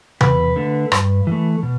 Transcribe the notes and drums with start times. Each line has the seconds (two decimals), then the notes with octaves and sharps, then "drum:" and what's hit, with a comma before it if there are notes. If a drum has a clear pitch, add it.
0.21 E2 B4, drum: tom C3
0.56 D3 A3
0.92 G2, drum: rim click
1.27 E3 A3
1.63 B2